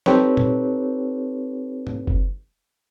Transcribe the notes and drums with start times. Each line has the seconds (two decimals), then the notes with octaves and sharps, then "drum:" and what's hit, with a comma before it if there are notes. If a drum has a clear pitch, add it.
0.06 C4 D#4 G4 A4 B4 C#5, drum: snare
0.37 drum: tom A#2
1.87 drum: tom
2.07 drum: kick F#1